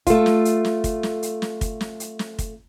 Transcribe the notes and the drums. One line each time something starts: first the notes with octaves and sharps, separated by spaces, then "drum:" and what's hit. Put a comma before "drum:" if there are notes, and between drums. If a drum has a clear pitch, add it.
A3 F4, drum: kick, hi-hat
drum: snare
drum: hi-hat
drum: snare
drum: kick, hi-hat
drum: snare
drum: hi-hat
drum: snare
drum: kick, hi-hat
drum: snare
drum: hi-hat
drum: snare
drum: kick, hi-hat